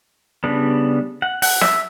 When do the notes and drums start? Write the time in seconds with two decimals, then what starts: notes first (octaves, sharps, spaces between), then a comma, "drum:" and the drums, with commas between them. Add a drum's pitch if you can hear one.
0.44 C#3 G3 B3 D4
1.22 F#5
1.42 F#5, drum: open hi-hat
1.61 E5, drum: snare